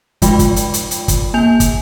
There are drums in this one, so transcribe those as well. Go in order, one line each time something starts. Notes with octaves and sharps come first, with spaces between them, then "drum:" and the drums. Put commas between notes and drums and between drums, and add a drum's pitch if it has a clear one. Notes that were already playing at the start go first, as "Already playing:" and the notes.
F3 G#3 F4 D5 G5 B5, drum: kick, hi-hat
drum: kick, hi-hat
drum: hi-hat
drum: hi-hat
drum: hi-hat
drum: kick, hi-hat
A#3 G#5 G6 F7
drum: kick, hi-hat